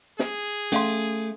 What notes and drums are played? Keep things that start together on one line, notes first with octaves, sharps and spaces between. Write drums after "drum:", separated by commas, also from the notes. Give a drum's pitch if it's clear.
G#4, drum: snare
A3 C#4 F5 C6, drum: hi-hat